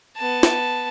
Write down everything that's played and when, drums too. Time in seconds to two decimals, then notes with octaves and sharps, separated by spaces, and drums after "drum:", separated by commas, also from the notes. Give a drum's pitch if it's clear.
0.17 B3 A5
0.43 drum: snare